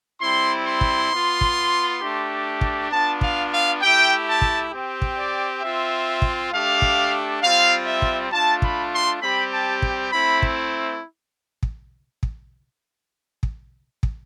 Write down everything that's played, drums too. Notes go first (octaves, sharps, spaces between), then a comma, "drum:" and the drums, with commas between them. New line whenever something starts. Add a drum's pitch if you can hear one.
G3 C4 E4 C6
C6
drum: kick
B3 F4
drum: kick
A3 D4 G4
drum: kick
B3 D4 F4 A5
F5, drum: kick
F5
A3 E4 G4 G5
A5
drum: kick
C4 G4
drum: kick
D5
C4 F4 E5
drum: kick
A3 D4 G4 F5
drum: kick
G3 C4 F4 F5
E5
drum: kick
A3 D4 F4 A5
B5, drum: kick
C6
G3 C4 G4 B5
A5
drum: kick
A3 C4 E4 B5
drum: kick
drum: kick
drum: kick
drum: kick
drum: kick